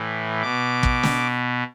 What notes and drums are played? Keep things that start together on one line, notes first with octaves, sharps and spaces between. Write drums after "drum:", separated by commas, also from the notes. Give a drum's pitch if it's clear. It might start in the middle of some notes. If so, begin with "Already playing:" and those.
Already playing: A2 E3
B2 D6
drum: kick
drum: snare